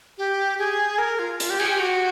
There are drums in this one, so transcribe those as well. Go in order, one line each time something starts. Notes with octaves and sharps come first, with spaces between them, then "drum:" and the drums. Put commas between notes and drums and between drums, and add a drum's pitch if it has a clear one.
G4
G#4
A#4
F4
F4, drum: hi-hat
G4
G#4, drum: cymbal
G4
F#4